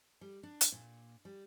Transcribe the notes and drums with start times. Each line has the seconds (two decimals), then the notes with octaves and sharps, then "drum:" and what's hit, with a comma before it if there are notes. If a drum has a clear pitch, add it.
0.21 G3
0.43 D4
0.61 drum: hi-hat
0.72 A#2
1.25 G3